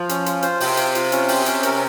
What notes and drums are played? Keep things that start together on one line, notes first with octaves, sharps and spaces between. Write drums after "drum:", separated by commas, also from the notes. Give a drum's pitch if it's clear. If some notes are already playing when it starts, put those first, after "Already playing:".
Already playing: F3
C#4, drum: hi-hat
F4, drum: hi-hat
C5, drum: hi-hat
C3 G5, drum: open hi-hat
F4, drum: hi-hat
F4, drum: hi-hat
C#4, drum: hi-hat
G5, drum: open hi-hat
C#4, drum: hi-hat
A#4, drum: hi-hat